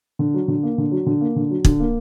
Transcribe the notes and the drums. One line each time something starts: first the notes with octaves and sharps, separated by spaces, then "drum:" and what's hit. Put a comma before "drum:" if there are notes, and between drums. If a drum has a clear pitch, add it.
D3
F#3
D3
A#3
D3
F#3
D3
A#3
D3
F#3
D3, drum: kick
A#3